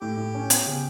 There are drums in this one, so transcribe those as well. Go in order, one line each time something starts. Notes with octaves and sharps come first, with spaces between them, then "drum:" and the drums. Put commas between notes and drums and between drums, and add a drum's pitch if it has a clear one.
A2 G4
A2
C#4
B3, drum: hi-hat
C#3